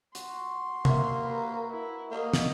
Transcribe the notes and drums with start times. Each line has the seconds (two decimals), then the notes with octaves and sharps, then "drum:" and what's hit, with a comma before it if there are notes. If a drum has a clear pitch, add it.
0.15 F#4 C6, drum: hi-hat
0.85 A#3 F#4 E5, drum: tom
1.23 A#4 B4
1.71 E4
2.12 A#3 D#5
2.34 drum: snare